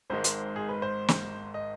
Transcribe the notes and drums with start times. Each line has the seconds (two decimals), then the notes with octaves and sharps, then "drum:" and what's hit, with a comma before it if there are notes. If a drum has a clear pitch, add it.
0.10 G#1 G#2 D#3 G#3 C5
0.24 drum: hi-hat
0.56 G#4
0.69 B4
0.82 C5
1.08 drum: snare
1.54 D#5